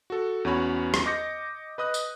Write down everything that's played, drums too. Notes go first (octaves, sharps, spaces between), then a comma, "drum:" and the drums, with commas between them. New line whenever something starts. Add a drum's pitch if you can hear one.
F#4 A4
E2 C#4 F#4 C#5 B5
drum: rim click
D#5 D6 G6 A#6 C#7
B4 D#5 D#6 F#6
drum: tambourine